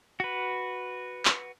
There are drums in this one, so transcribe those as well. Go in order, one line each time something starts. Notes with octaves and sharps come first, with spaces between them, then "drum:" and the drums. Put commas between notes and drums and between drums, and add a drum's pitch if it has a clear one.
F#4 B4
drum: clap